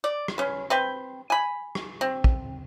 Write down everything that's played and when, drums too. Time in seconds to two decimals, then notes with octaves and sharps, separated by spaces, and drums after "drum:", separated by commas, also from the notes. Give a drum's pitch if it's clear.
0.04 D5
0.28 drum: rim click
0.38 C#4 B4
0.70 C4 B4 G5
1.30 G#5 B5
1.75 drum: rim click
2.01 C4
2.24 drum: kick